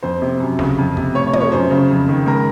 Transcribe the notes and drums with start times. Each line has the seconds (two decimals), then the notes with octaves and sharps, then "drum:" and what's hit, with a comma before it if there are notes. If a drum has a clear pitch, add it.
0.03 F2 C5
0.22 C3
0.40 F#2
0.59 C#3, drum: snare
0.78 F2
0.97 C3, drum: kick
1.15 A2 C#5
1.27 C#5
1.33 F3, drum: tom
1.40 C#5
1.52 F#2 C5
1.70 C#3
1.90 F2
2.08 D#3
2.26 C#2 A#4